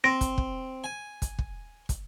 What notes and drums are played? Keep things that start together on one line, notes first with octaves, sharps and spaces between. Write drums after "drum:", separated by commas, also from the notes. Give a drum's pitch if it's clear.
C4 A#6 D7
drum: kick, hi-hat
drum: kick
G#5
drum: kick, hi-hat
drum: kick
drum: kick, hi-hat